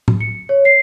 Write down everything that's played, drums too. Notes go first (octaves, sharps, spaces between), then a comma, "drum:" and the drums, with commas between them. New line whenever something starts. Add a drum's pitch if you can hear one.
drum: tom
C#7
C#5
C7